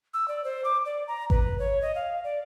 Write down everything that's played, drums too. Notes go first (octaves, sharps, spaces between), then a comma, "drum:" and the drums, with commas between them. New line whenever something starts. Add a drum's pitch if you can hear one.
E6
D5
C5
D6
D5
A#5
B4, drum: kick G#1
C#5
D#5
F5
D5